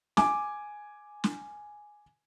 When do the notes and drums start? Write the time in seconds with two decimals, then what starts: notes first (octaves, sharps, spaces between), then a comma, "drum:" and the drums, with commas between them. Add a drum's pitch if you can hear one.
0.17 G#5 D6, drum: snare
1.24 drum: snare